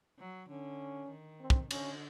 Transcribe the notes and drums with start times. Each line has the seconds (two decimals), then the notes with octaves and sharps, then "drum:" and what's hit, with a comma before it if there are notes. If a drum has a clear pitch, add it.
0.19 F#3
0.49 D3 C#4
1.10 D#3
1.40 C4
1.50 drum: kick
1.71 D3 C#4, drum: cymbal